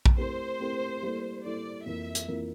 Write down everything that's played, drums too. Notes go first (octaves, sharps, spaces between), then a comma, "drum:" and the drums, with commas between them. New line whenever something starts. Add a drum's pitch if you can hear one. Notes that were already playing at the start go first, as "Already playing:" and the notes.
drum: kick A#1
A3 C4 E4 G4 A#4 C5
A3 C4 E4 G4 A#4
G3 A#3 E4 A4
G3 A#3 E4 A4 D5
F2 E3 A#3 E4 A#4 E5
drum: hi-hat
F2 E3 A#3 E4 A#4